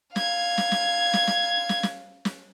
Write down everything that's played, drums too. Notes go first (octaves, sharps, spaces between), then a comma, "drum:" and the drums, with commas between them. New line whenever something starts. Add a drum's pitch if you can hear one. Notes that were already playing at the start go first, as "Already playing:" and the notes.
F5 G#6, drum: snare
drum: snare
drum: snare
drum: snare
drum: snare
drum: snare
drum: snare
drum: snare